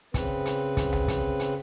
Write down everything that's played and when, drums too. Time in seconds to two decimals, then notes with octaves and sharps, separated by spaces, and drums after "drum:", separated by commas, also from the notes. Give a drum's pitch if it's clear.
0.14 C#3 C4 B4, drum: kick, hi-hat
0.46 drum: hi-hat
0.77 drum: kick, hi-hat
0.93 drum: tom C2
1.08 drum: kick, hi-hat
1.40 drum: hi-hat